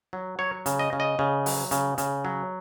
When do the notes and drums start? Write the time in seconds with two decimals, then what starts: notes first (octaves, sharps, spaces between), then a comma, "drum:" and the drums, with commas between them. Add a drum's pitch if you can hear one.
0.13 F#3
0.39 F#3 C#5
0.66 C#3, drum: hi-hat
0.79 D#5
0.93 C#3
1.00 D#5
1.19 C#3
1.46 F#3, drum: open hi-hat
1.71 C#3, drum: hi-hat
1.98 C#3, drum: hi-hat
2.25 F#3